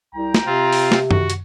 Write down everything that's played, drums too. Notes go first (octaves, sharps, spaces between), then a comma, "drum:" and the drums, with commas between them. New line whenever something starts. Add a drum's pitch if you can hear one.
C2 G5 A#5
drum: snare
C3 C4 F4
drum: open hi-hat
drum: snare
F#4, drum: tom F#2
drum: hi-hat